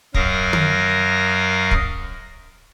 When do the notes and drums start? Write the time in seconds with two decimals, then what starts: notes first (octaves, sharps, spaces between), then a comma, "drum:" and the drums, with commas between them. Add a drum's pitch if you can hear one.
0.14 F#2 F#3 A#4 F5 D#6 A#6, drum: kick
0.53 drum: tom
1.71 drum: kick